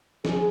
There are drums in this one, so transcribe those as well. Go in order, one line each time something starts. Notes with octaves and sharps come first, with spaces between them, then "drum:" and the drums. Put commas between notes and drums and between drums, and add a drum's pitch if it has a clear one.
G#4, drum: snare